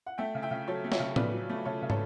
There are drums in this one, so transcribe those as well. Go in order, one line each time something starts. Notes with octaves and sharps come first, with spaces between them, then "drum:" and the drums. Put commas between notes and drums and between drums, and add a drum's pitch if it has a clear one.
F#5
A3 E5 G5
C#3
E5 G5
C#3
F#3 A4 C#5
A3
C#5 E5, drum: snare
C#3
C#3 B4 D5, drum: tom
F#3
A3
C#3 A4 C#5
C#3
A4 C#5, drum: tom